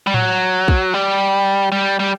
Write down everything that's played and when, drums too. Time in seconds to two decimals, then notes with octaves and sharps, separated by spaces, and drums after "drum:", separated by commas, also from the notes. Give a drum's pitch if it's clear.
0.07 G3
0.14 F#3, drum: tom A2
0.68 drum: kick
0.94 G3
1.72 G3
2.00 G3